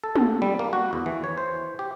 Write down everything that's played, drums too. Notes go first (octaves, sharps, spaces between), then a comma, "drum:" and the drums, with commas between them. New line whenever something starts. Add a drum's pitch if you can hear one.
A4
drum: tom
G3
A#3
F#4
E2
E3
C#5
C5
G4